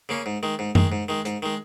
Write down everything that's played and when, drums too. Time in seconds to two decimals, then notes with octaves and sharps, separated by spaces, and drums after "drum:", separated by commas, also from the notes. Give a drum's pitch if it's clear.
0.09 C#3 A#3 C#4
0.26 G#2
0.43 D#3 G#3
0.59 G#2
0.75 D#3 G#3, drum: tom F#2
0.92 G#2
1.09 D#3 G#3
1.25 G#2, drum: hi-hat
1.42 D#3 G#3